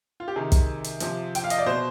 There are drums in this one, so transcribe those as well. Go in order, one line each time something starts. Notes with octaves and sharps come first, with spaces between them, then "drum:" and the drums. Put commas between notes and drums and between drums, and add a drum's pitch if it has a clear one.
F4
G4
C3 D#3 G#4
drum: kick, hi-hat
drum: hi-hat
C3 F3, drum: hi-hat
G5, drum: hi-hat
F5
D#5, drum: hi-hat
D5
B2 C5